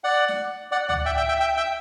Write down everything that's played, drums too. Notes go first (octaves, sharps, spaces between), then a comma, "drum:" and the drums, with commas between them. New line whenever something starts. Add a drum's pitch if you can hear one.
D5 F#5
drum: snare
D5 F#5
D5 F#5, drum: tom C#2
E5 G5
E5 G5
E5 G5
E5 G5
E5 G5